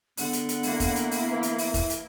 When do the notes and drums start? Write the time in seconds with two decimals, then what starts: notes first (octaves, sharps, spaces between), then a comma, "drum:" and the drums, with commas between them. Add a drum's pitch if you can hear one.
0.17 D3 B3 F#5, drum: open hi-hat
0.33 drum: hi-hat
0.49 drum: hi-hat
0.63 A#3 E4, drum: open hi-hat
0.80 drum: kick F1, open hi-hat
0.96 drum: hi-hat
1.11 drum: open hi-hat
1.31 E3
1.43 drum: hi-hat
1.58 drum: open hi-hat
1.74 drum: kick F1, open hi-hat
1.90 drum: hi-hat